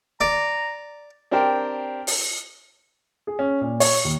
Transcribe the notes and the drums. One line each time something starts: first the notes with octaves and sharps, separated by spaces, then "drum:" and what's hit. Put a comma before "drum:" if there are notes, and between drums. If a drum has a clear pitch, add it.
D5 A#5
C4 D4 G4 A#4 C5 G5
drum: open hi-hat
G#4
C#4
A#2
C#5, drum: open hi-hat
D#2